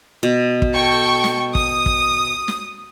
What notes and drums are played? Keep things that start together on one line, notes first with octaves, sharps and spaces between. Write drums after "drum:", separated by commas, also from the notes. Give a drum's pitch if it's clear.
B2
drum: kick
A4 G5 C#6
drum: snare
D#6, drum: kick
drum: kick
drum: snare